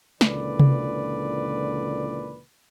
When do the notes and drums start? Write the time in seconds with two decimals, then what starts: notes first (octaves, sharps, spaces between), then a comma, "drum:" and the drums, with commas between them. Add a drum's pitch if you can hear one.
0.21 C#2 A#2 D3 E3 B4 D5, drum: snare
0.60 drum: tom C3